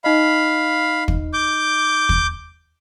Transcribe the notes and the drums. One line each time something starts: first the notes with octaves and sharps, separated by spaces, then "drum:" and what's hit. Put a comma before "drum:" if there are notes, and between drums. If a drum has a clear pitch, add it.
D#4 D#5 F5 B5
drum: kick
D6 G6
drum: kick